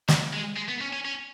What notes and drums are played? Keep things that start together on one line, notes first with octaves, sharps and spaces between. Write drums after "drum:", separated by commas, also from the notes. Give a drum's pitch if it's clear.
F#3, drum: snare
G#3
G#3
B3
C#4
C#4
C#4